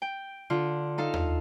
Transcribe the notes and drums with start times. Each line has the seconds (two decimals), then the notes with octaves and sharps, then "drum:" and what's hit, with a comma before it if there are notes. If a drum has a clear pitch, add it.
0.02 G5
0.50 D3 F4
0.98 D#4 A4 F5
1.14 drum: tom D#2